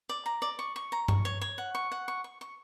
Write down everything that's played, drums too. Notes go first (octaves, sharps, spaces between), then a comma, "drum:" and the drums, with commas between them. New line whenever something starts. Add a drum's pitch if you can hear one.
D5
A#5
D5
C#6
C#6
A#5
C#6, drum: tom G2
C#5
C#5
F#5
C#6
F#5
C#6
C#6
C#6